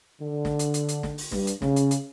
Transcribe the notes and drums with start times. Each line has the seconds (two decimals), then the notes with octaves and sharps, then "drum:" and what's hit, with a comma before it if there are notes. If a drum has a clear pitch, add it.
0.22 D3
0.45 drum: snare
0.59 drum: hi-hat
0.74 drum: hi-hat
0.89 drum: hi-hat
1.03 drum: snare
1.18 drum: open hi-hat
1.32 G2, drum: snare
1.47 drum: hi-hat
1.62 C#3, drum: snare
1.76 drum: hi-hat
1.91 drum: hi-hat